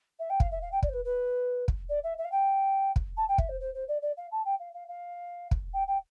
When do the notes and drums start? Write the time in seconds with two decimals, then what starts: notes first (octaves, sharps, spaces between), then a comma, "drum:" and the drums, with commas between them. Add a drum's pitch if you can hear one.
0.19 E5
0.30 G5
0.40 F5, drum: kick
0.51 E5
0.61 F5
0.72 G5
0.83 D5, drum: kick
0.89 C5
0.93 B4
1.04 B4
1.68 drum: kick
1.89 D5
2.03 E5
2.18 E5
2.24 F5
2.31 G5
2.96 drum: kick
3.17 A5
3.28 G5
3.38 E5, drum: kick
3.49 C5
3.60 C5
3.74 C5
3.88 D5
4.02 D5
4.17 F5
4.31 A5
4.45 G5
4.59 F5
4.74 F5
4.88 F5
5.51 drum: kick
5.73 G5
5.87 G5